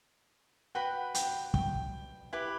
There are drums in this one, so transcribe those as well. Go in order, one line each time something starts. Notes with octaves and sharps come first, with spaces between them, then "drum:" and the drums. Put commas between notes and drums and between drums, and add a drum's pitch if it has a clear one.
F#4 B4 F#5 G5 B5
G5, drum: hi-hat
G5, drum: kick
E4 G4 B4